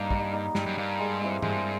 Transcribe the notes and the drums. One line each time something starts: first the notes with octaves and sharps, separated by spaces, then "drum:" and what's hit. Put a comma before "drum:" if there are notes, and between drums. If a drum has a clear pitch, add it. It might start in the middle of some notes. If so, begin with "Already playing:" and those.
Already playing: G2 A#3 D#4
G3, drum: kick
A#3 D#4
G2 G3, drum: snare
F#2
G2 A#3 D#4
G#3
C4 E4 G4
G2 G#3, drum: tom G#2